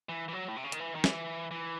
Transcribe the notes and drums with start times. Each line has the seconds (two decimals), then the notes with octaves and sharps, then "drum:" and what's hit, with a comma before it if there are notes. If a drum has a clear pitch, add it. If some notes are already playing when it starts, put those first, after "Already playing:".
0.09 E3
0.28 E3
0.33 F#3
0.48 A2
0.56 C3
0.64 C#3
0.72 D#3, drum: hi-hat
0.80 E3
0.95 D#3
1.04 E3, drum: snare
1.51 E3